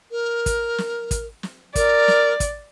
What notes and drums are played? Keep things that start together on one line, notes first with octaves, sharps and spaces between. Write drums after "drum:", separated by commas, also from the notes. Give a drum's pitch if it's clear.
A#4
drum: kick, hi-hat
drum: snare
drum: kick, hi-hat
drum: snare
A#4 D5, drum: kick, hi-hat
drum: snare
drum: kick, hi-hat